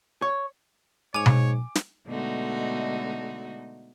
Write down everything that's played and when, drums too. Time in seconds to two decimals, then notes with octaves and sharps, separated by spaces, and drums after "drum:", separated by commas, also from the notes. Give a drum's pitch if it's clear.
0.22 C#5
1.14 G#2 C#5 G#5 D6 F7
1.26 drum: tom B2
1.75 drum: snare
2.06 B2 D3 G#3 A3 D#4 F#4